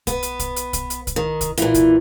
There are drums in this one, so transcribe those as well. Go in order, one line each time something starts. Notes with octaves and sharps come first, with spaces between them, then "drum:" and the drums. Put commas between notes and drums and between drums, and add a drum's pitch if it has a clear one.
B3, drum: kick, hi-hat
drum: hi-hat
drum: kick, hi-hat
drum: hi-hat
drum: kick, hi-hat
drum: hi-hat
drum: kick, hi-hat
D#3
drum: kick, hi-hat
A#2 E3, drum: hi-hat
drum: kick, hi-hat